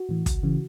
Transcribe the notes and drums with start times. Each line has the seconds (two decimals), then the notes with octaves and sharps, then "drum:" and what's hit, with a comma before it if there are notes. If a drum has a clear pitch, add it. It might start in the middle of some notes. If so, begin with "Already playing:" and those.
Already playing: F#4
0.09 A2 E3
0.26 C#2, drum: kick, hi-hat
0.43 C#3 E3